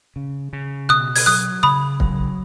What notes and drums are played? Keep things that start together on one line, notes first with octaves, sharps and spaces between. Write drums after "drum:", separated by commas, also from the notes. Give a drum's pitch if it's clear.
C#3
C#3
B2 D#6 F#6
G#6, drum: open hi-hat
F#3 D#6 F#6
C#3 B5 D#6
F#3, drum: kick